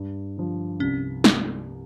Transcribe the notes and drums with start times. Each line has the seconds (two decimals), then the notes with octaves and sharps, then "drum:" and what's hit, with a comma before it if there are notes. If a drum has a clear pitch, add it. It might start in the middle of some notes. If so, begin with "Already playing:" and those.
Already playing: G2
0.37 D3 F3
0.80 C2 C#4
1.24 drum: snare